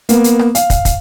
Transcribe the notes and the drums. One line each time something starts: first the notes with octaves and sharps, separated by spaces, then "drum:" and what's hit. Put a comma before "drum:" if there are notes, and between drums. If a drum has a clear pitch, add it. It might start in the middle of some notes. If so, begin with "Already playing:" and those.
A#3 B3, drum: hi-hat
drum: hi-hat
drum: rim click
F5, drum: hi-hat
drum: kick, hi-hat
drum: kick, hi-hat